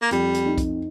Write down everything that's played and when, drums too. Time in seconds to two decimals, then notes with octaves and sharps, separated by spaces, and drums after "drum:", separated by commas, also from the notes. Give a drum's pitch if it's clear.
0.02 A#3
0.11 F2 G3, drum: hi-hat
0.34 drum: hi-hat
0.46 D#4
0.58 drum: kick B1, hi-hat